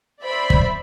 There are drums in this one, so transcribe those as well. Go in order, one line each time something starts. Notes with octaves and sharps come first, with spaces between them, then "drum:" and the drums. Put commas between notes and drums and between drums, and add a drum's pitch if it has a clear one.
C5 D5 E5 B5
drum: kick